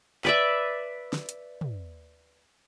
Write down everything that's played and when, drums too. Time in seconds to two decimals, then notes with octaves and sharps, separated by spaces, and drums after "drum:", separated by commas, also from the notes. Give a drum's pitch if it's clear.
0.25 B4 D5 E5, drum: clap
1.13 drum: snare
1.29 drum: hi-hat
1.61 drum: tom